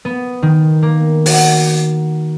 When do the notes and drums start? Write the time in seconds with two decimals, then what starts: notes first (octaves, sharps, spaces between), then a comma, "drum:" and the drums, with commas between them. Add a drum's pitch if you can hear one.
0.05 B3
0.43 D#3
0.82 A#3
1.26 F#4, drum: open hi-hat